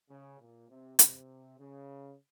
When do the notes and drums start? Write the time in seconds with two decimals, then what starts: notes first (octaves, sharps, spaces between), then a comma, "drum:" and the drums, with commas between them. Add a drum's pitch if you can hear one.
0.10 C#3
0.40 A#2
0.69 C3
0.99 C3, drum: hi-hat
1.59 C#3